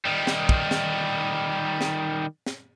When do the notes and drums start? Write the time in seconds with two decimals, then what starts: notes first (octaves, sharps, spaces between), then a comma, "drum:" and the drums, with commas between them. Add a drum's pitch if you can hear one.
0.05 D#3 G3
0.27 drum: snare
0.49 drum: kick
0.71 drum: snare
1.81 drum: snare
2.46 drum: snare